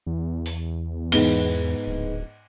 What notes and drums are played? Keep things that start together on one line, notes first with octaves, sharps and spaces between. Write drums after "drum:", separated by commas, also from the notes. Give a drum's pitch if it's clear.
E2
drum: open hi-hat
G#2 B3 G7, drum: cymbal
D1